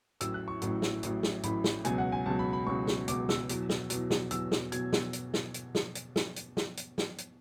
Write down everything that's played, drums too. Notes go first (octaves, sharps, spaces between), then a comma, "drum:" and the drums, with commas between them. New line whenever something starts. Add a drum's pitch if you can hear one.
A1 A2 F#3 E6, drum: hi-hat
F#6
C#6
A1 A2 F#3, drum: hi-hat
drum: snare
A1 A2 F#3, drum: hi-hat
drum: snare
A1 A2 F#3 B5, drum: hi-hat
drum: snare
C#2 B2 F#3 G#5, drum: hi-hat
F#5
G#5
C#2 B2 F#3 A5
B5
B5
C#2 B2 F#3 C#6
drum: snare
C#2 B2 F#3 D6, drum: hi-hat
E6, drum: snare
E2 B2 F#3, drum: hi-hat
drum: snare
E2 B2 F#3, drum: hi-hat
drum: snare
E2 B2 F#3 E6, drum: hi-hat
drum: snare
B2 F#3 G#6, drum: hi-hat
drum: snare
drum: hi-hat
drum: snare
drum: hi-hat
drum: snare
drum: hi-hat
drum: snare
drum: hi-hat
drum: snare
drum: hi-hat
drum: snare
drum: hi-hat